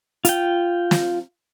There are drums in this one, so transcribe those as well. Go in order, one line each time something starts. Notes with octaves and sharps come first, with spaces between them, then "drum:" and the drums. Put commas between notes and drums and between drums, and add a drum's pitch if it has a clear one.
F4 G5, drum: hi-hat
drum: snare